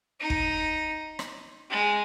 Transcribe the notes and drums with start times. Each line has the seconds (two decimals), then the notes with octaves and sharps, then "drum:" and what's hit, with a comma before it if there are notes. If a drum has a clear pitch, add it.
0.20 D#4
0.30 drum: kick
1.19 drum: rim click
1.71 G#3